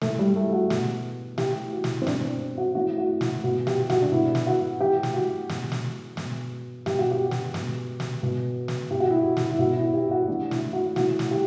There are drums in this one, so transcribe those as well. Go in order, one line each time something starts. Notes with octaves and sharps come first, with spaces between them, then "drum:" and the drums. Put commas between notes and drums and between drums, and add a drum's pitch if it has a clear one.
A2 E3 A3, drum: snare
G3
A3
F#4
B2, drum: snare
A2 E3 G4, drum: snare
F#4
drum: snare
C4
B2 D4, drum: snare
C4
F#4
A2 E3 F#4
F#4
E4, drum: snare
B2 F#4
G4, drum: snare
F#4, drum: snare
D4
B2 E4
drum: snare
F#4
A2 E3 G4
drum: snare
F#4
B2, drum: snare
drum: snare
B2, drum: snare
B2 G4, drum: snare
F#4
G4
drum: snare
B2, drum: snare
drum: snare
B2
drum: snare
B2 G4
F#4
E4
F#4
drum: snare
E4
B2 F#4
E4
G4
F#4
A2 E3 D4
E4, drum: snare
F#4
A2 E3 F#4, drum: snare
drum: snare
G4